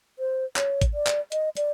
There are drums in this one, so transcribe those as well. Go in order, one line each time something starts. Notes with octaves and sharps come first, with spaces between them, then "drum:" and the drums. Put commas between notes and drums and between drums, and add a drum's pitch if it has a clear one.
C5
C#5, drum: clap
drum: kick G#1, hi-hat
D5
drum: clap
D#5, drum: hi-hat
D5, drum: hi-hat